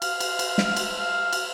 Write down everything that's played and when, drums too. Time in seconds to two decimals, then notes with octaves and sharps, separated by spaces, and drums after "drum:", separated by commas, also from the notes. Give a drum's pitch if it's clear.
0.02 F5, drum: cymbal
0.20 drum: cymbal
0.39 drum: cymbal
0.58 drum: snare
0.76 drum: cymbal
0.98 F5
1.33 drum: cymbal